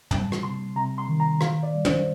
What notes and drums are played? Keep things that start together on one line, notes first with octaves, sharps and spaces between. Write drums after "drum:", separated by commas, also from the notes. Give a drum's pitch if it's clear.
G3 A5, drum: tom
drum: rim click
C3 C6
C3 A#5
C6
D#3
A#5
A#2 F5, drum: rim click
D5
G3
C5, drum: tom